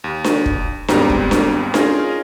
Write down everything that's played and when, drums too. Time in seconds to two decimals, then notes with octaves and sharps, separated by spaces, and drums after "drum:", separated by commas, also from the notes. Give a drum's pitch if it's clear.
0.04 D#2
0.24 drum: snare D4
0.46 drum: kick
0.88 D#2 G#2 G3 B3 C4 A#5, drum: snare D4
1.10 drum: kick
1.31 drum: snare D4
1.74 C#4 D#4 F4 G#4 A#4, drum: snare D4